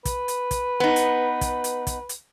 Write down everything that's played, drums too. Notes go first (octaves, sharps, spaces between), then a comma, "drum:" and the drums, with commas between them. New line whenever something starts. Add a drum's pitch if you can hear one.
B4, drum: kick, hi-hat
drum: hi-hat
drum: kick, hi-hat
B3 D#4
drum: hi-hat
drum: kick, hi-hat
drum: hi-hat
drum: kick, hi-hat
drum: hi-hat